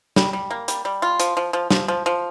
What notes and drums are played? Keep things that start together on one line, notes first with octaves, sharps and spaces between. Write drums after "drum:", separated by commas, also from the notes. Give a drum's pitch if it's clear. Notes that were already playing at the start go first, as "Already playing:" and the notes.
G3, drum: snare
G3
A#3
G3, drum: hi-hat
G3
F4
F3, drum: hi-hat
F3
F3
F3, drum: snare
F3
F3